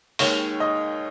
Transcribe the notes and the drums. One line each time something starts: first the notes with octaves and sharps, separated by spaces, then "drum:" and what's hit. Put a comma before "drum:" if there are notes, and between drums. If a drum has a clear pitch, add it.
D#2 D#3 G#3 C#5, drum: open hi-hat
D#5